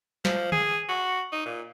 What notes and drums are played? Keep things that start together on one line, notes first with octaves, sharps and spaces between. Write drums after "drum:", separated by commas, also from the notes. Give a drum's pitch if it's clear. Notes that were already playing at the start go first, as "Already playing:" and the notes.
F3, drum: snare
G#4, drum: tom D3
F#4
D#4
A#2